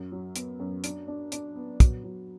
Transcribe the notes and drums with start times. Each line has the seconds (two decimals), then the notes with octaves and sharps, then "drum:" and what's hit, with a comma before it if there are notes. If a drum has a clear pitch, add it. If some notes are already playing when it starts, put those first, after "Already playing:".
Already playing: F#2 F#3
0.12 F#3
0.36 B3, drum: hi-hat
0.60 F#2
0.84 D4, drum: hi-hat
1.08 D4
1.32 D4, drum: hi-hat
1.56 B3
1.80 F#3, drum: kick, hi-hat
2.04 F#3